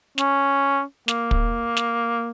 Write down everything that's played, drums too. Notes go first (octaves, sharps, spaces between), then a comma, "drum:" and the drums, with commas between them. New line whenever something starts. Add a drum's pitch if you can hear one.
C#4, drum: snare
A#3, drum: snare
drum: kick
drum: snare